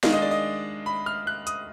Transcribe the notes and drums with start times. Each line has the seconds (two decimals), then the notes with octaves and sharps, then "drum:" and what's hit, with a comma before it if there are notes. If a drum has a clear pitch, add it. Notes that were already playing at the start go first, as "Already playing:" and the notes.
0.03 D#3 G#3 D4 F5, drum: snare
0.13 D#5
0.22 D5
0.31 D#5
0.86 B5
1.06 F6
1.27 F#6
1.47 D#6, drum: hi-hat